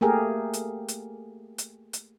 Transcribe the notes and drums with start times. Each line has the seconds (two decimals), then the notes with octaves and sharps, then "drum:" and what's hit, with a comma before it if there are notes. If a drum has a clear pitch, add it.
0.01 A3 A#3 G4 G#4 A#4
0.53 drum: hi-hat
0.88 drum: hi-hat
1.58 drum: hi-hat
1.93 drum: hi-hat